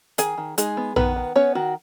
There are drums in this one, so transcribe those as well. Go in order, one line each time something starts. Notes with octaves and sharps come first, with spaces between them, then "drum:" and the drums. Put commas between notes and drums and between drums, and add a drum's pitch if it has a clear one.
D#3 G#4 G#5, drum: hi-hat
D#3
G#3 D#4 G#4, drum: hi-hat
B3
D#3 B3 B4, drum: tom A#1
D#3
B3 C#4 C#5
D#3 F#4